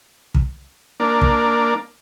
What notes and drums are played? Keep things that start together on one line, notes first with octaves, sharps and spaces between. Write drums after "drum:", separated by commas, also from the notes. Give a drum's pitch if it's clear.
drum: kick
A#3 D4
drum: kick